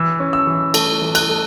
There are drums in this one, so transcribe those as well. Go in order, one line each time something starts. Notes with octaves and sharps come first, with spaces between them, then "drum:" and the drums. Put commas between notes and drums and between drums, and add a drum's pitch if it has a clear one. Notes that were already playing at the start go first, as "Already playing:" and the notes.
Already playing: E3 E6
C#4
E6
E3
A3, drum: cymbal
E3
F#6, drum: cymbal
A3